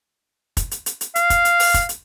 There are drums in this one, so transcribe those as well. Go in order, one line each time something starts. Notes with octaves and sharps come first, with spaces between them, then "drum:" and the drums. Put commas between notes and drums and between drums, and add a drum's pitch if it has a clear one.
drum: kick, hi-hat
drum: hi-hat
drum: hi-hat
drum: hi-hat
F5, drum: hi-hat
drum: kick, hi-hat
drum: hi-hat
drum: open hi-hat
drum: kick, hi-hat
drum: hi-hat